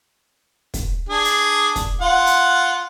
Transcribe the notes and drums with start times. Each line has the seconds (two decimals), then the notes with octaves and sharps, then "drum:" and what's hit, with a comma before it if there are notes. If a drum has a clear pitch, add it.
0.74 drum: kick, hi-hat
1.09 D4 G#4
1.25 drum: hi-hat
1.76 drum: kick, hi-hat
2.01 F4 F#5
2.27 drum: hi-hat